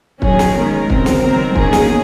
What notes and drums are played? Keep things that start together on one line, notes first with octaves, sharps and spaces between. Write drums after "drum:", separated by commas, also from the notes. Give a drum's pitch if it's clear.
D#3 F#3 C#4 G#4, drum: kick
drum: snare
D#3 G#3 C#4 A#4
C#3 G#3 C4, drum: kick
drum: snare
D#3 F#3 C4 A#4
D#3 A#3 C#4 G#4, drum: kick
drum: snare